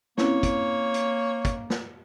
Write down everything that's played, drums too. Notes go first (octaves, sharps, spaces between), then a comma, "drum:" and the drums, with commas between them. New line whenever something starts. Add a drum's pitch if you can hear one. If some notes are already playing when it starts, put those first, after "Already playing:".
A#3 C4 C#4 E4 C#5, drum: snare
drum: kick, hi-hat
drum: hi-hat
drum: kick, hi-hat
drum: snare